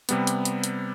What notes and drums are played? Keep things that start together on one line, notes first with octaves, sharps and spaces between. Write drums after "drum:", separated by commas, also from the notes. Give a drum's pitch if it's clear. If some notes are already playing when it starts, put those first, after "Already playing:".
C3 G3 B3, drum: hi-hat
drum: hi-hat
drum: hi-hat
drum: hi-hat